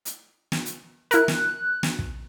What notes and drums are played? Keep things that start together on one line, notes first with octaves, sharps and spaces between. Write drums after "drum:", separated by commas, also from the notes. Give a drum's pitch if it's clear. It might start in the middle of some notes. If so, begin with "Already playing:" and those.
drum: hi-hat
drum: snare
drum: hi-hat
E4 A#4 F#6, drum: hi-hat
drum: snare
drum: snare
drum: kick